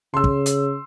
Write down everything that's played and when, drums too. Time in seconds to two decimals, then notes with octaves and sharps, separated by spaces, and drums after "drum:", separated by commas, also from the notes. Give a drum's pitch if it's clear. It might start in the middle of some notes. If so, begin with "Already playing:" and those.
0.14 C#3 C6 E6
0.24 drum: kick
0.46 drum: hi-hat